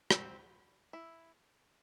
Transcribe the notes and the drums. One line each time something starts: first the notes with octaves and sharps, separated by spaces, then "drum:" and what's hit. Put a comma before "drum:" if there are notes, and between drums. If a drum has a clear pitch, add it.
C4, drum: rim click
E4